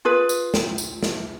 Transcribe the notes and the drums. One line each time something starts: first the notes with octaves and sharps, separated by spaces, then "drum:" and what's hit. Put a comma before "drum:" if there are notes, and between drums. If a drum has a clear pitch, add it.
F4 G#4 B4
drum: tambourine
drum: snare
drum: tambourine
drum: snare